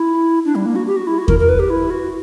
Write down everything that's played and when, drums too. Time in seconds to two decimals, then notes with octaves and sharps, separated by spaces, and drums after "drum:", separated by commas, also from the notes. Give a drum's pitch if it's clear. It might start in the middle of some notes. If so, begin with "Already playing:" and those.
Already playing: E4
0.45 D4
0.55 G3
0.66 A#3
0.76 F#4
0.87 G4
0.96 F#4
1.07 E4
1.18 F#4
1.28 A#4, drum: kick E2
1.39 A#4
1.49 B4
1.59 G4
1.70 E4
1.90 F#4